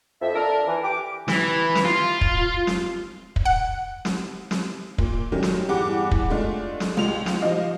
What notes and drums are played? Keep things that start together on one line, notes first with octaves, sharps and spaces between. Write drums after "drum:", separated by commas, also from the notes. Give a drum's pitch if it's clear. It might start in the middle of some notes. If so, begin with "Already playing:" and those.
F2 E5
D4 A4 A#4
E3
G4 D6
E3, drum: snare
drum: snare
F4
drum: kick
drum: snare
drum: kick
F#5
drum: snare
drum: snare
A#2, drum: kick
D#3 F#3 G3 A3 C#4
drum: snare
E2 G2 G4 G#4 F#5 D6
drum: kick
G#3 A3 D4 F4
drum: snare
C#2 G#3 F4 F7
drum: snare
F3 G3 D#4 D#5 F5